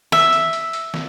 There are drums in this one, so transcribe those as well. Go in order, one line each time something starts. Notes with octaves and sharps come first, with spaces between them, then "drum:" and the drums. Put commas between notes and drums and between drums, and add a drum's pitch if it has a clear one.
E5, drum: snare
drum: hi-hat
drum: hi-hat
drum: hi-hat
drum: snare